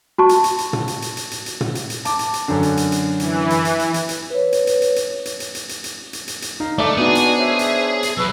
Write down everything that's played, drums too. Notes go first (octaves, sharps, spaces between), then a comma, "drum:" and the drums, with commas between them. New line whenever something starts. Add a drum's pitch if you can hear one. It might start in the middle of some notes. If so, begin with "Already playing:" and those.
F#4 A5 C#6
drum: hi-hat
drum: hi-hat
drum: hi-hat
drum: tom
drum: hi-hat
drum: hi-hat
drum: hi-hat
drum: hi-hat
drum: hi-hat
drum: tom
drum: hi-hat
drum: hi-hat
A5 D6, drum: hi-hat
drum: hi-hat
drum: hi-hat
F#2 D3
drum: hi-hat
drum: hi-hat
drum: hi-hat
E3, drum: hi-hat
drum: hi-hat
drum: hi-hat
drum: hi-hat
drum: hi-hat
drum: hi-hat
B4 C#5
drum: hi-hat
drum: hi-hat
drum: hi-hat
drum: hi-hat
drum: hi-hat
drum: hi-hat
drum: hi-hat
drum: hi-hat
drum: hi-hat
drum: hi-hat
drum: hi-hat
drum: hi-hat
D#4 F5
A3 D4 A4 D5 E5 D6
B3 D#4 F#4 G#4
drum: hi-hat
C5 C#5 E5
drum: hi-hat
drum: hi-hat
B1 F#4 B4 E6